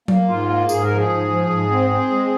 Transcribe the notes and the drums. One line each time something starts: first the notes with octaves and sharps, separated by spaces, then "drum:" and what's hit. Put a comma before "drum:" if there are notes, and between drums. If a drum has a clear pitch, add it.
A#3, drum: tom F#3
G#2 F4
A#3
G#2 G#4, drum: tambourine
A#4
F3
G#4
G#2
F3
G#2
C4
C4
G#3